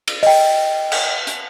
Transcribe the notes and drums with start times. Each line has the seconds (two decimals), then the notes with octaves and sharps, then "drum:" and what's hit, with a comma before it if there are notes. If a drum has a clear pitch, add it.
0.08 drum: cymbal
0.23 D#5 G5, drum: open hi-hat
0.92 drum: cymbal
1.27 drum: hi-hat